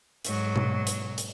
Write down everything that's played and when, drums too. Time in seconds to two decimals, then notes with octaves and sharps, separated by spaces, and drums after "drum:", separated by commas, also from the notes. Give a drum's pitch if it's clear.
0.25 G#2 F#3, drum: hi-hat
0.56 drum: tom B2
0.87 drum: hi-hat
1.18 drum: hi-hat